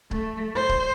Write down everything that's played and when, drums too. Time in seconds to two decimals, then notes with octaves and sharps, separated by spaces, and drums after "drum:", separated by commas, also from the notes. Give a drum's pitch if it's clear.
0.11 A3, drum: kick C#1
0.55 C5
0.69 drum: kick C#1